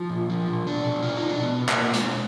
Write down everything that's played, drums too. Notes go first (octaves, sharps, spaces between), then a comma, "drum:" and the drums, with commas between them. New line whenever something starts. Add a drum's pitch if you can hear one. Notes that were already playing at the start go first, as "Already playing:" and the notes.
Already playing: F3 F4
A#2
F3
A#2
B2 D4
B2
B2 F4
D#4
B2 D4
B2 B3
B2
A#3, drum: clap
B2
G#3, drum: hi-hat
B2